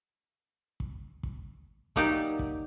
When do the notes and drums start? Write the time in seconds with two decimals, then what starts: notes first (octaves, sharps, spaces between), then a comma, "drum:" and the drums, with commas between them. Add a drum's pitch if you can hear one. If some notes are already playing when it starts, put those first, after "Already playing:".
0.80 drum: kick
1.23 drum: kick
1.96 F#3 A#3 D#4 G4 D5 F#5, drum: kick
2.39 drum: kick